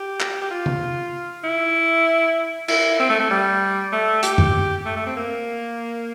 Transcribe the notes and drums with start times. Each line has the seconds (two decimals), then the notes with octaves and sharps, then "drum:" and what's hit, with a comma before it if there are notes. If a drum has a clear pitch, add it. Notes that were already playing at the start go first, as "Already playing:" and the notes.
Already playing: G4
0.20 drum: clap
0.41 G4
0.51 F4
0.66 drum: tom C#3
1.44 E4
2.68 E4, drum: cymbal
3.00 C4
3.09 A3
3.20 A3
3.30 G3
3.92 A3
4.23 G4, drum: hi-hat
4.38 drum: tom F#2
4.86 A3
4.96 A3
5.06 C4
5.17 A#3